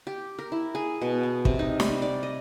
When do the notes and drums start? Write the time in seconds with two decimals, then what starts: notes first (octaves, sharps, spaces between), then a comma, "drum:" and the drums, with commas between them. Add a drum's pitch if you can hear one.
0.07 G4
0.39 A#4
0.52 E4
0.75 G#4
1.01 B2
1.23 B3
1.45 C3, drum: kick
1.59 D#4
1.80 G3, drum: snare
2.02 D5
2.23 D#5